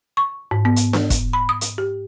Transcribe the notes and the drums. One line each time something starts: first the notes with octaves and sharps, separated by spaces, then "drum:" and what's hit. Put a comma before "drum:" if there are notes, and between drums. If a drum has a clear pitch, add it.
C#6
G#2
B3
drum: hi-hat
drum: snare D4
drum: kick, hi-hat
B5
D#6
drum: hi-hat
G4